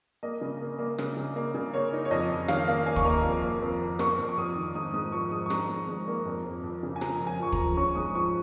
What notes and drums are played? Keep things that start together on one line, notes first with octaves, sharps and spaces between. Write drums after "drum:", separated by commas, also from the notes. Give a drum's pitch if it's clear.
A#3 D#5
C#3
A#3
A#3
C#3, drum: rim click
C#3
A#3
C#3
A#3 C#5
D#4
C#5
F2 D#5
F2
D#3 F5, drum: rim click
A#3 F5
A#3 G#5
C#6, drum: kick
A#3 A#5
F2
A#3
F2
F2
A#3 C#6, drum: rim click
F2
C#6
F2 D#6
D#3
G#2 D#6
G#2 D#6
F3 C#6
G#2 D#6
C#6
G#2 A#5, drum: rim click
G#2
G#2
A#3
F2
F2
F2
C#3
G#5
F3 A#5, drum: rim click
F2
G#5
F3 C#6
A#5, drum: kick
F3
C#4 C#6
G#2 D#6
F3 C#6